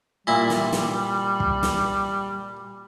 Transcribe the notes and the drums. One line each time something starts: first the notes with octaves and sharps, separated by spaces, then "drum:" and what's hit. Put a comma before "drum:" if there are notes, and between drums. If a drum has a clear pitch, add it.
A#2 G3 E4
drum: snare
drum: snare
drum: kick
drum: snare